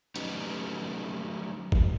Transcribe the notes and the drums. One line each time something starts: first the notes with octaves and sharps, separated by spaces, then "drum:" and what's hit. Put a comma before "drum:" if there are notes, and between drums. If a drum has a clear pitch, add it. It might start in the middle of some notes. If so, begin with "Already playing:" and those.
F#3 A3 C#4 D#4 G4 B4, drum: hi-hat
drum: kick G#1